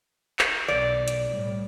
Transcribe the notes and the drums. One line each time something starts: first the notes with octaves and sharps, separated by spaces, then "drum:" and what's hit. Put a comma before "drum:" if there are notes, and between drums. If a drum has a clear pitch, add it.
drum: clap
B1 D5
drum: hi-hat
A2 G3